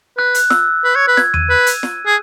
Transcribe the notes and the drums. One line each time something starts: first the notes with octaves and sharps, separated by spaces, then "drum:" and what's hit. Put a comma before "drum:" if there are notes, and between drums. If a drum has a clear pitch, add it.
B4 F#6
drum: hi-hat
E6, drum: snare
B4
C#5
B4
G#6, drum: snare
D#7, drum: tom E2
B4
drum: hi-hat
drum: snare
G#4